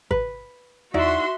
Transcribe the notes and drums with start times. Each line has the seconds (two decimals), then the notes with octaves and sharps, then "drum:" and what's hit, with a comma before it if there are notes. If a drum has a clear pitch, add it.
0.11 B4, drum: kick G#1
0.94 D#4 E4 F#4 D5 E5 C6, drum: tom E2